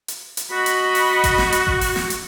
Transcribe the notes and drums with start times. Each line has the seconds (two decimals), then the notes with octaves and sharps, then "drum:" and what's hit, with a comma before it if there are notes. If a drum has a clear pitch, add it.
0.08 drum: hi-hat
0.37 drum: hi-hat
0.52 F#4 D#5 B5
0.66 drum: hi-hat
0.95 drum: open hi-hat
1.24 drum: kick G#1, hi-hat
1.38 drum: snare
1.52 drum: hi-hat
1.67 drum: kick G#1
1.81 drum: open hi-hat
1.96 drum: snare
2.10 drum: hi-hat